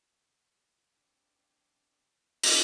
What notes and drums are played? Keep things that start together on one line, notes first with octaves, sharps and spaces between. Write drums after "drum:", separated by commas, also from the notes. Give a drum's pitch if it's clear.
C4 D4 E4
C#2 C#3
E2 G#4
drum: open hi-hat